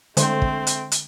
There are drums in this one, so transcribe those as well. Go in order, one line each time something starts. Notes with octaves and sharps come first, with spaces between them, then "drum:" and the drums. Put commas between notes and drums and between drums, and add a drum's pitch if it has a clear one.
D3 G#3 A3 C4 C5, drum: hi-hat
drum: kick
drum: hi-hat
drum: hi-hat